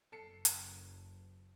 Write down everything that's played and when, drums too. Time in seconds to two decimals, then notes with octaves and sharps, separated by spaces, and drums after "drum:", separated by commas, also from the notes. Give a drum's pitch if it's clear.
0.12 F#1 A4 C7 C#7
0.45 drum: hi-hat